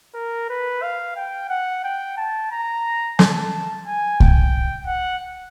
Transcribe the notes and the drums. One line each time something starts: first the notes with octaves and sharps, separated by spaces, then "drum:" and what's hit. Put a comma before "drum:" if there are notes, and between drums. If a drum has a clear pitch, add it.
A#4
B4
F5
G5
F#5
G5
A5
A#5
A5, drum: snare
G#5
G5, drum: kick C2
F#5